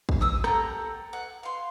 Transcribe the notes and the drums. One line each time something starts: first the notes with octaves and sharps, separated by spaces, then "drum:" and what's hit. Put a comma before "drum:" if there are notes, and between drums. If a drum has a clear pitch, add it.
drum: kick
D#6 E6
G4 A4 F#5 A#5, drum: rim click
F#5
F5 C6